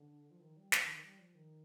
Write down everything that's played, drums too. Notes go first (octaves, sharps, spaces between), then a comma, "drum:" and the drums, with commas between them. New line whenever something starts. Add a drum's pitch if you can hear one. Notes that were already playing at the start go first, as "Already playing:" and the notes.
Already playing: D3
F3
D#3
G3
F3, drum: snare
D#3
D#3
G3
F3
D#3